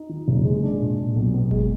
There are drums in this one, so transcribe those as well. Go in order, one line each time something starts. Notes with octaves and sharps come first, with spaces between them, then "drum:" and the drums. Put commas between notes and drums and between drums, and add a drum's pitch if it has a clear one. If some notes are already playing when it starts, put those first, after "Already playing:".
Already playing: D#4
D#3
F#1
G#3
D4
A#2
A#2
B1
B3
G#3, drum: kick G1